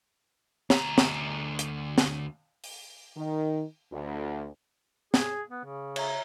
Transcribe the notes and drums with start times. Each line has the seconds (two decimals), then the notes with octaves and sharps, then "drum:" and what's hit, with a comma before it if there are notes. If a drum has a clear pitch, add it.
0.70 D2 A#5, drum: snare
0.98 drum: snare
1.59 drum: hi-hat
1.98 drum: snare
2.64 drum: open hi-hat
3.16 D#3
3.91 D2
5.14 G#4, drum: snare
5.50 B3
5.64 C#3
5.96 C#5 E5 A#5, drum: cymbal